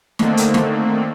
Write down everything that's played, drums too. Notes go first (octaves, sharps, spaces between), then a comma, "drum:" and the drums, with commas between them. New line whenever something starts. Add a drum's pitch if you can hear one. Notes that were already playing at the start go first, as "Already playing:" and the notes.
D3 D#3 A3 A#3 C4, drum: snare
drum: hi-hat
drum: snare